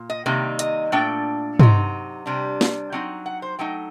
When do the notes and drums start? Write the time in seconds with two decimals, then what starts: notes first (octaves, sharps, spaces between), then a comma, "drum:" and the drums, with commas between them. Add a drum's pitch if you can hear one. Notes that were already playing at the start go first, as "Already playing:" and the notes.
Already playing: A#2
0.10 D#5
0.26 C3 D#3 G3 A#3 D#4
0.59 D#5, drum: hi-hat
0.92 A#2 A3 D4 G5
1.59 C3 F#3 D#4, drum: tom
2.26 C3 G3 D4
2.61 drum: snare
2.92 F#3 C4 D#4 G5
3.26 F#5
3.42 C5
3.59 F#3 A3 D#4 G5